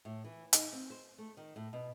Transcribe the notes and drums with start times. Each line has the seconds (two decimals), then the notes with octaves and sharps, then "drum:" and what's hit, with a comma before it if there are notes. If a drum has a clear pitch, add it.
0.05 A2
0.24 E3
0.53 D#4, drum: hi-hat
0.73 C4
0.90 C5
1.18 A3
1.37 D#3
1.56 A2
1.73 B2